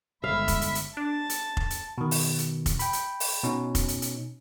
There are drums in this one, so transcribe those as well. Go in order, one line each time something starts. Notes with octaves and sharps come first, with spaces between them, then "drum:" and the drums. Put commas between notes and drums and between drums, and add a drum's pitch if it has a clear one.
G1 G#3 E5 F5 B5
drum: kick F1, hi-hat
drum: hi-hat
drum: hi-hat
D4 A5
drum: hi-hat
drum: kick F1
drum: hi-hat
B2 D#3
drum: open hi-hat
drum: hi-hat
drum: kick F1, hi-hat
G5 B5, drum: hi-hat
drum: hi-hat
drum: open hi-hat
B2 C#4 D#4
drum: kick F1, hi-hat
drum: hi-hat
drum: hi-hat